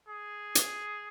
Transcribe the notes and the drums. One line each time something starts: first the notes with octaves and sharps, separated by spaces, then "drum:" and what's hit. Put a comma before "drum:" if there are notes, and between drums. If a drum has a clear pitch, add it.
G#4
drum: hi-hat